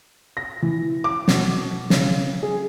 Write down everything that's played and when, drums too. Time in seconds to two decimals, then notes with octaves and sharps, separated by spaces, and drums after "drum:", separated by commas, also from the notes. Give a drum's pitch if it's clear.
0.37 A#6
0.62 E3
1.04 D6
1.28 B2, drum: snare
1.90 C#3, drum: snare
2.43 G#4